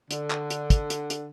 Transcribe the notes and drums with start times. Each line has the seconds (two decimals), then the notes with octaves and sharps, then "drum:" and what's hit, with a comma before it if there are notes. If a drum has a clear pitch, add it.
0.11 D3, drum: hi-hat
0.30 drum: clap
0.50 drum: hi-hat
0.70 drum: kick, hi-hat
0.90 drum: hi-hat
1.10 drum: hi-hat